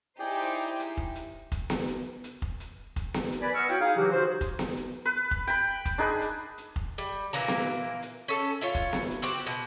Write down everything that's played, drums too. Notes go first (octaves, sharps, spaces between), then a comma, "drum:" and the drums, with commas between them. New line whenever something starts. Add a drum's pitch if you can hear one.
D#4 E4 G4 G#4 C5 D5 G5
drum: hi-hat
drum: hi-hat
drum: kick F1
drum: hi-hat
drum: kick F1, hi-hat
drum: snare B3
drum: hi-hat
drum: hi-hat
drum: kick F1
drum: hi-hat
drum: kick F1, hi-hat
drum: snare B3
drum: hi-hat
A#4 B4 D5 G#5 B5
D#5 F#5 C#6 E6 F6
E4 F#4 C#5 F5 G5, drum: hi-hat
D#4 G#4 F5
C#3 E3 F#3 A#3 F#4 G4
D#4 F#4 G#4 C5
drum: kick F1, hi-hat
drum: snare B3
drum: hi-hat
B4
drum: kick F1
G5 B5, drum: hi-hat
drum: kick F1, hi-hat
D4 D#4 G#4 B4
drum: hi-hat
drum: hi-hat
drum: kick F1
G3
A#2 E3 A#3 A#5
drum: snare B3
drum: hi-hat
drum: hi-hat
C#4 A4
drum: hi-hat
E4 F4 C#5
drum: kick F1, hi-hat
drum: snare B3
drum: hi-hat
C4 F#4 G4
B2, drum: hi-hat